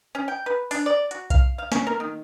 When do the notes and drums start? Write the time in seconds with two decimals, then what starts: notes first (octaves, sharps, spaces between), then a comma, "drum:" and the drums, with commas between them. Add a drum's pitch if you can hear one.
0.15 C#4
0.28 G5
0.46 B4
0.71 D4, drum: open hi-hat
0.86 D5
1.11 F#4, drum: hi-hat
1.30 F5, drum: kick B1, hi-hat
1.58 F5
1.72 C#4, drum: snare
1.87 A#4
2.00 D#3